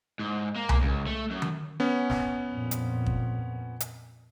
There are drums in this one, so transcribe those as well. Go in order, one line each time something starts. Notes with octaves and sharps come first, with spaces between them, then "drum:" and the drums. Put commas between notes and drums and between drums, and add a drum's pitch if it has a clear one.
G#2
A#3
drum: tom C2
C#2
A3
F#2
drum: tom D#3
B3 C#4
drum: snare
F2 A#2
drum: hi-hat
drum: kick
drum: hi-hat